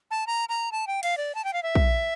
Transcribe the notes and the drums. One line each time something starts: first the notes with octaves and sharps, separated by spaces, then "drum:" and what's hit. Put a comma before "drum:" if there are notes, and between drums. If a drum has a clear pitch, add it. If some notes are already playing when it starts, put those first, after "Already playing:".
A5
A#5
A#5
A5
G5
F5, drum: cymbal
D5
A5
G5
F5
E5
drum: kick